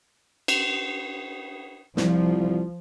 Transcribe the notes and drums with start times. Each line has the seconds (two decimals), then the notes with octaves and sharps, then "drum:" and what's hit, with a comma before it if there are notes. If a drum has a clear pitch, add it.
0.48 drum: cymbal
1.97 C2 F3, drum: snare